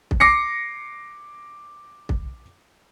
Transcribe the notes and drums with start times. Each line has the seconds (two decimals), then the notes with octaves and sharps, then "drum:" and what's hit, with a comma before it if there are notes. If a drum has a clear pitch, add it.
0.11 drum: kick
0.20 D6 A#6 C7 C#7
2.09 drum: kick